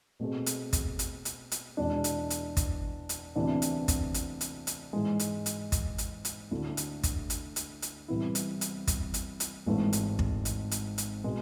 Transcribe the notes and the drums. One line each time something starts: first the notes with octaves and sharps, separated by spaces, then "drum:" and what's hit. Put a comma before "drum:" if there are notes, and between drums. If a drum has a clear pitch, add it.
B2 A3 C4 G#4
drum: hi-hat
drum: kick, hi-hat
drum: hi-hat
drum: hi-hat
drum: hi-hat
E2 B2 G#3 D4
drum: hi-hat
drum: hi-hat
drum: kick, hi-hat
drum: hi-hat
D2 C3 E3 B3 D4
drum: hi-hat
drum: kick, hi-hat
drum: hi-hat
drum: hi-hat
drum: hi-hat
G#2 E3 G#3
drum: hi-hat
drum: hi-hat
drum: kick, hi-hat
drum: hi-hat
drum: hi-hat
D2 D3 A3 E4
drum: hi-hat
drum: kick, hi-hat
drum: hi-hat
drum: hi-hat
drum: hi-hat
C2 C3 E3 B3 E4
drum: hi-hat
drum: hi-hat
drum: kick, hi-hat
drum: hi-hat
drum: hi-hat
G#1 G#2 E3 A3
drum: hi-hat
drum: kick
drum: hi-hat
drum: hi-hat
drum: hi-hat
B2 G#3